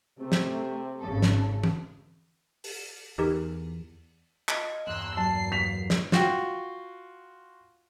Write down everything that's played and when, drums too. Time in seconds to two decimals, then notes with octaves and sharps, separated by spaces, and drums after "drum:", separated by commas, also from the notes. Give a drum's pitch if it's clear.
0.18 C3 A3
0.32 drum: snare
1.00 G#1 C#3 A4
1.23 drum: snare
1.64 drum: tom
2.64 drum: open hi-hat
3.18 E2 D#4 G4 A#4
4.49 F4 D#5 G#6, drum: clap
4.87 E2 G2 A#3 C6 E6 F#6
5.17 F#3 A5 C7
5.52 B6 F7
5.90 drum: snare
6.12 F4 F#4 G5, drum: snare